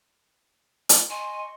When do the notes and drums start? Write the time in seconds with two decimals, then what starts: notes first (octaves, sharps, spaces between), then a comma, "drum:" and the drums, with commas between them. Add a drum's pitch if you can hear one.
0.89 drum: hi-hat
1.10 D#5 G#5 C6 C#6